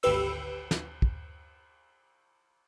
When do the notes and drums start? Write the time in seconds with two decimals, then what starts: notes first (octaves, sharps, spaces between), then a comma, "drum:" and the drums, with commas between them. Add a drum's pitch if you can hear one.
0.03 G#1 D2 G4 B4 E6, drum: cymbal
0.71 drum: snare
1.02 drum: kick